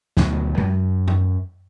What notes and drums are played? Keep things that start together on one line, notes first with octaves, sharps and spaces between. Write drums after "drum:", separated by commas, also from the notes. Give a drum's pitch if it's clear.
D2 B2 D#3 F#3, drum: snare
F#2, drum: tom G#3
drum: tom F#2